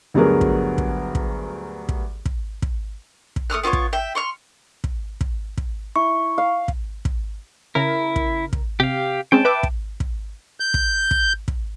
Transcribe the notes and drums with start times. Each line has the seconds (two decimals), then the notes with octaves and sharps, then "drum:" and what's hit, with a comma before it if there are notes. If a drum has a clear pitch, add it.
0.14 D2 G2 F#3 B3 G#4 A#4
0.41 drum: kick
0.78 drum: kick
1.15 drum: kick
1.89 drum: kick
2.25 drum: kick
2.62 drum: kick
3.36 drum: kick
3.50 A3 D#6 F6 F#6
3.63 B3 F4 A4 C#5
3.73 drum: kick
3.93 E5 G5
4.15 C6 C#6 F6
4.84 drum: kick
5.21 drum: kick
5.57 drum: kick
5.96 E4 C#6
6.38 F5
6.68 drum: kick
7.05 drum: kick
7.75 C#3 E4 A#4
8.16 drum: kick
8.53 drum: kick
8.80 C3 G4 F5
9.32 G#3 C4 C#4 G5 A5
9.45 B4 E5 D6
9.63 drum: kick
10.00 drum: kick
10.60 G6
10.74 drum: kick
11.11 drum: kick
11.48 drum: kick